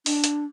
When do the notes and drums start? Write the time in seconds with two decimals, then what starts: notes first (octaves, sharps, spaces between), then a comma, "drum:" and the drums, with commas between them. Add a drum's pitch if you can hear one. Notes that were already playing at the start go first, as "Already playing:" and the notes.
0.06 D4, drum: open hi-hat
0.24 drum: hi-hat